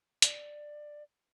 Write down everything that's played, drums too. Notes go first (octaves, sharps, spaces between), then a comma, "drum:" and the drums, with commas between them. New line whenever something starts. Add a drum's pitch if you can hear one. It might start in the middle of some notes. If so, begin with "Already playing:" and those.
D5, drum: hi-hat